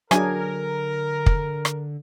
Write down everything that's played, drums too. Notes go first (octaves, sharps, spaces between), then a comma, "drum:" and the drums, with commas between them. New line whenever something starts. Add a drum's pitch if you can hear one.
D3 F#3 D4 G#4 A#4 G#5, drum: rim click
drum: kick
drum: rim click